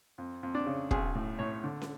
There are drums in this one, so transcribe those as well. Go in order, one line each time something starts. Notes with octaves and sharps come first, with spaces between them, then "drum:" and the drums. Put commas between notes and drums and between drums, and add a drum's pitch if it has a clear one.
F2
F2
D4
C#3
B1 G#4, drum: kick
A2
A2 C#5
D3
drum: snare